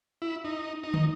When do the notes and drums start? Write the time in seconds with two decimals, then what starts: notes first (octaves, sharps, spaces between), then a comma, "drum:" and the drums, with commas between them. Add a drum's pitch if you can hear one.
0.22 E4
0.45 D#4
0.83 D#4
0.94 drum: tom